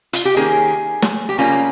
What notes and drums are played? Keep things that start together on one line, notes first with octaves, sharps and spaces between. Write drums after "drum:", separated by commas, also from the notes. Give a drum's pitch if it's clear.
F4, drum: hi-hat
G4
D#3 A#3 C#4 G#4
drum: snare
G4
C#3 G3 A#3 C#4 F4